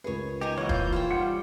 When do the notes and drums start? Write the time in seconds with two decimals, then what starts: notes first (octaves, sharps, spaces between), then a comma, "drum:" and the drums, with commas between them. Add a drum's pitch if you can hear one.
0.04 C#2 G#4 A#4 B4 C#5
0.41 D#4 G4 G#5 A#5
0.57 E3 A#3 C#5 F5 F#5
0.69 F4 G6, drum: kick
0.93 F4 C5 C#5 G5
1.10 G3 F#5 C6 C#7